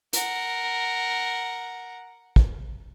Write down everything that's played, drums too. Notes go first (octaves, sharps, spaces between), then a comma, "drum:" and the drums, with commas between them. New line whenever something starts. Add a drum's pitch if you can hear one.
A#4 F#5, drum: hi-hat
drum: kick